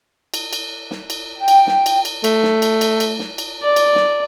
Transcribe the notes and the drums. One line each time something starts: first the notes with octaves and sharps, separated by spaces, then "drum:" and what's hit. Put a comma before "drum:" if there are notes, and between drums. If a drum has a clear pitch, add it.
drum: cymbal
drum: cymbal
drum: snare
drum: cymbal
G5
drum: cymbal
drum: snare
drum: cymbal
drum: cymbal
A3, drum: cymbal
drum: snare
drum: cymbal
drum: cymbal
drum: cymbal
drum: snare
drum: cymbal
D5
drum: cymbal
drum: snare